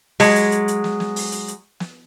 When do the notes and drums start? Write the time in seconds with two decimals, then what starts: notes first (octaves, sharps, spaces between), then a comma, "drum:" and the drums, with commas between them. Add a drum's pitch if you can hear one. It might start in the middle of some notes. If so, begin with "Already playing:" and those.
0.20 F#3 G#3, drum: open hi-hat
0.36 drum: hi-hat
0.52 drum: hi-hat
0.68 drum: hi-hat
0.84 drum: snare
1.00 drum: snare
1.16 drum: open hi-hat
1.32 drum: hi-hat
1.48 drum: hi-hat
1.80 drum: snare